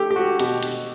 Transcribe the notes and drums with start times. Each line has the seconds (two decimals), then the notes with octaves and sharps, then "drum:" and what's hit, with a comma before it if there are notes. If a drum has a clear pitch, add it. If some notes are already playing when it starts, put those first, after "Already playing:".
Already playing: A3 G4 A4
0.11 G4
0.16 F#4
0.40 B2 G4, drum: hi-hat
0.63 drum: hi-hat